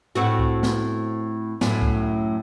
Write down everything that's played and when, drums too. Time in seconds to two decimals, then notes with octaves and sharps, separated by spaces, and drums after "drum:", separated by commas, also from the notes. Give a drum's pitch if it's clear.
0.15 A2 C4 F#4
0.39 drum: kick C2
0.63 drum: snare
1.61 F#2 A2, drum: snare
1.82 drum: kick C2